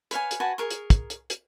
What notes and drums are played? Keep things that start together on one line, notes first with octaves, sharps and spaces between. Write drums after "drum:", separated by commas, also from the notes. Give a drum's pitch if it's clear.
B4 C#5 F5 G#5, drum: hi-hat
drum: hi-hat
F#4 B4 G#5 A5
G#4 A#4 C#6
drum: hi-hat
drum: kick, hi-hat
drum: hi-hat
drum: hi-hat